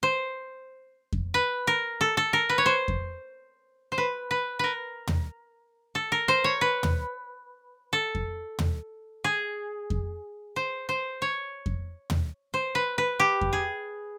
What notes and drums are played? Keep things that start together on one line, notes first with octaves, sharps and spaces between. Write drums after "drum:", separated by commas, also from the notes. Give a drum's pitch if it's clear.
C5
drum: kick F2
B4
A#4
A4
A4
A#4
B4
C#5
C5
drum: kick F2
C5
B4
B4
A#4 B4
drum: tom
A4
A#4
C5
C#5
B4
drum: tom
A4
drum: kick F2
drum: tom
G#4
drum: kick F2
C5
C5
C#5
drum: kick F2
drum: tom
C5
B4
B4
G4
drum: kick F2
G#4